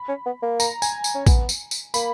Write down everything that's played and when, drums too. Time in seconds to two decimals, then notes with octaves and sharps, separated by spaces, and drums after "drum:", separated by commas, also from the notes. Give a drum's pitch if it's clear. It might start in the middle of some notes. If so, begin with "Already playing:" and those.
Already playing: B5
0.09 C#4
0.26 B3
0.43 A#3
0.60 A#5, drum: tambourine
0.82 G#5, drum: tambourine
1.04 drum: tambourine
1.15 C#4
1.26 B3, drum: kick, tambourine
1.49 drum: tambourine
1.71 drum: tambourine
1.94 A#3 B5, drum: tambourine